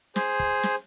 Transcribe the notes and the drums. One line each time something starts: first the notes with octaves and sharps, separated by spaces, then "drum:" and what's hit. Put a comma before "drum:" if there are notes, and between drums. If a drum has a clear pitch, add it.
G#4 C5, drum: snare
drum: kick
drum: snare